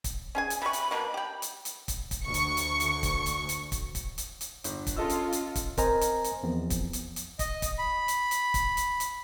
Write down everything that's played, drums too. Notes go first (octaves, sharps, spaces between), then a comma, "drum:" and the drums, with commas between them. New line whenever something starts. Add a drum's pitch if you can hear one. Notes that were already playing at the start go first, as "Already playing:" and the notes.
drum: kick, hi-hat
C#4 G#4 G#5
drum: hi-hat
C3 B5 C#6
drum: hi-hat
B2 A#3 B5
G4 G5
drum: hi-hat
drum: hi-hat
drum: kick, hi-hat
drum: kick, hi-hat
D2 C#6 C#7
drum: hi-hat
drum: hi-hat
drum: hi-hat
drum: kick, hi-hat
drum: hi-hat
drum: hi-hat
drum: kick, hi-hat
drum: kick, hi-hat
drum: hi-hat
drum: hi-hat
G1, drum: hi-hat
drum: kick, hi-hat
C#4 F4 A4 D#5 E6
drum: hi-hat
drum: hi-hat
drum: kick, hi-hat
C4 A#4 C5 D#5 G#5 A#5, drum: kick, hi-hat
drum: hi-hat
drum: hi-hat
E2 F3 C4
drum: kick, hi-hat
drum: hi-hat
drum: hi-hat
D#5, drum: kick, hi-hat
drum: kick, hi-hat
B5
drum: hi-hat
drum: hi-hat
drum: kick, hi-hat
drum: hi-hat
drum: hi-hat